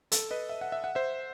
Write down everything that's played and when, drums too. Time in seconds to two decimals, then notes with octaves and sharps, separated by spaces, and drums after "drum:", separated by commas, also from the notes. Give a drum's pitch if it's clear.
0.12 A4, drum: hi-hat
0.31 B4 D#5
0.49 E5
0.61 F#5
0.72 E5
0.84 F#5
0.95 C5 E5